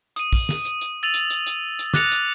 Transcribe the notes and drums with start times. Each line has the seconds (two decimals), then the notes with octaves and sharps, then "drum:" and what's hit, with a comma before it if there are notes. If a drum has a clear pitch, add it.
0.16 D#6 D#7, drum: hi-hat
0.33 drum: kick, open hi-hat
0.49 drum: snare
0.65 drum: hi-hat
0.81 drum: hi-hat
1.03 E6 A6 D#7 F7 F#7
1.14 drum: hi-hat
1.30 drum: hi-hat
1.47 drum: hi-hat
1.79 drum: hi-hat
1.94 D6 F#6 A6 A#6 C#7 F7, drum: snare
2.12 drum: hi-hat